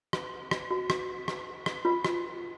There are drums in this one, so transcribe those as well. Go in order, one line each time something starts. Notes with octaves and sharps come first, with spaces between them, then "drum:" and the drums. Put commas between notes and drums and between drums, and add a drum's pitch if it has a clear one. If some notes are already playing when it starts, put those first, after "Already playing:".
drum: rim click
drum: rim click
F#4
drum: rim click
drum: rim click
drum: rim click
F4
drum: rim click